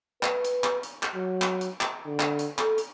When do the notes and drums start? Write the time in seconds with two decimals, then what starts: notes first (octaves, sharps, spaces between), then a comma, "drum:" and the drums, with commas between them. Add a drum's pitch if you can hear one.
0.23 B4, drum: clap
0.44 drum: hi-hat
0.64 drum: clap
0.83 drum: hi-hat
1.03 drum: clap
1.15 F#3
1.42 drum: clap
1.61 drum: hi-hat
1.81 drum: clap
2.05 D3
2.20 drum: clap
2.39 drum: hi-hat
2.59 A4, drum: clap
2.78 drum: hi-hat